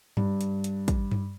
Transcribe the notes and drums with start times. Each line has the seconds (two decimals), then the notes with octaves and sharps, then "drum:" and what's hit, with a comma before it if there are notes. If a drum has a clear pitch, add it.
0.17 G2, drum: tom G2
0.41 drum: hi-hat
0.64 drum: hi-hat
0.88 drum: kick, hi-hat
1.12 drum: tom G2